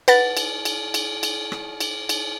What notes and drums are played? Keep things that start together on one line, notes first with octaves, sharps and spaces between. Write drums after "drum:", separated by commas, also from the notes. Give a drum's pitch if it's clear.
B4 F#5 A6, drum: cymbal
drum: cymbal
drum: cymbal
drum: cymbal
drum: cymbal
drum: rim click
drum: cymbal
drum: cymbal